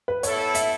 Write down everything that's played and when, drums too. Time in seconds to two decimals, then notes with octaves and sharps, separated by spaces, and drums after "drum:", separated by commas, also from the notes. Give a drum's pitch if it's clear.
0.08 B4
0.23 B3 E4 A4 C#5, drum: hi-hat
0.55 E5, drum: hi-hat